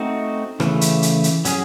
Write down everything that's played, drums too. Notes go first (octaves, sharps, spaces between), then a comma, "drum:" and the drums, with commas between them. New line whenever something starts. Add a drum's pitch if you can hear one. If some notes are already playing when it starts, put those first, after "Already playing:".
Already playing: A3 C4 D#4 F#4
C#3 E3 A3, drum: rim click
drum: hi-hat
drum: hi-hat
drum: hi-hat
F#3 C#4 G#4, drum: hi-hat